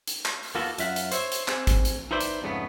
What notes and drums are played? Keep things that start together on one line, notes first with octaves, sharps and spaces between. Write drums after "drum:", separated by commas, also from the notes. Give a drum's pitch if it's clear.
drum: hi-hat
drum: clap
drum: open hi-hat
D#2 A#3 B3 F4 F#4 A4
F#2 F4 E5 F#5, drum: hi-hat
drum: hi-hat
C5 C#5 E5, drum: hi-hat
drum: hi-hat
C4 G#4, drum: clap
drum: kick G#1, hi-hat
drum: hi-hat
D#4 E4 B4 C5 D5 E5
drum: hi-hat
F2 G#2 C#3 A3 B3